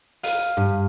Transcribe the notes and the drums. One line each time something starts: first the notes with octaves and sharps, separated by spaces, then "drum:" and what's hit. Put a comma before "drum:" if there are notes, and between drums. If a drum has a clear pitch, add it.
F5, drum: open hi-hat
G2